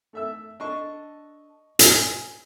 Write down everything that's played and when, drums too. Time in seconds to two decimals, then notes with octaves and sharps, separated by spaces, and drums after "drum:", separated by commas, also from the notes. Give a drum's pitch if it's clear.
0.13 A3 E5 E6
0.60 D4 A4 D#5 C#6
1.79 G#5, drum: hi-hat